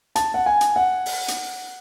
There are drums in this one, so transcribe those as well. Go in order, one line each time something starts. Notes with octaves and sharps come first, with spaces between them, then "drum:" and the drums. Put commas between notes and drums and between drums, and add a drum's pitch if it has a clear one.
A5, drum: hi-hat
F#5
G#5
drum: hi-hat
F#5
drum: open hi-hat
drum: hi-hat